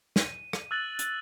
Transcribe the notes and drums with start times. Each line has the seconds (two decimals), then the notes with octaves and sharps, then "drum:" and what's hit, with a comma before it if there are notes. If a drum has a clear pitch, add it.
0.16 D#7, drum: snare
0.53 drum: rim click
0.71 E6 F#6 A6 F#7
0.99 drum: hi-hat